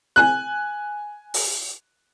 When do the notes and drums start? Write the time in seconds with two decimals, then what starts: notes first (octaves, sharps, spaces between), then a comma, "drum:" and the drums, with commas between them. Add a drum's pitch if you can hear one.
0.16 G#5 F#6
1.34 drum: open hi-hat